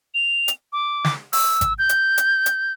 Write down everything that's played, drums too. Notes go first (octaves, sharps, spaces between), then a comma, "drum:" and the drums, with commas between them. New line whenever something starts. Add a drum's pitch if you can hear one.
F7
drum: hi-hat
D6
drum: snare
E6, drum: open hi-hat
drum: kick G#1, hi-hat
G6
drum: hi-hat
drum: hi-hat
drum: hi-hat